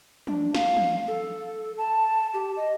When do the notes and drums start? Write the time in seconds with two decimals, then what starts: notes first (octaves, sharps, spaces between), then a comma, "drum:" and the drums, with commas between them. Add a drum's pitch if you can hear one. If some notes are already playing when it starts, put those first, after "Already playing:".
0.27 D4, drum: tom
0.55 F5, drum: snare
0.76 drum: tom
1.08 A4
1.78 A5
2.34 G4
2.57 D#5